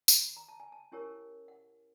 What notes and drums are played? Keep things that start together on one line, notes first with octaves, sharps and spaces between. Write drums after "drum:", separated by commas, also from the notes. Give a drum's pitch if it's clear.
B5, drum: tambourine
A#5
A5
G#5
A5
C#4 E4 G4 A#4 C#5 G#5
F#5